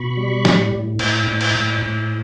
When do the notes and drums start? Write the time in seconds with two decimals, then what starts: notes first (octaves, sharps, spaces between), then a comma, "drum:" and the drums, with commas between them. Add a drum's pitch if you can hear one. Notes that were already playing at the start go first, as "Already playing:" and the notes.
Already playing: B2 B5 C#6
0.17 G3
0.45 A2, drum: snare
0.72 A2
0.99 A2, drum: cymbal
1.27 A2
1.41 drum: cymbal
1.55 A2
1.82 A2